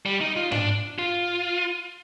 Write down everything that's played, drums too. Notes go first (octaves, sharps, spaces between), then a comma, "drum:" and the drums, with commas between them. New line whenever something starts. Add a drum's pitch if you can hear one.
G3
D#4
F4
D4, drum: tom G#2
F4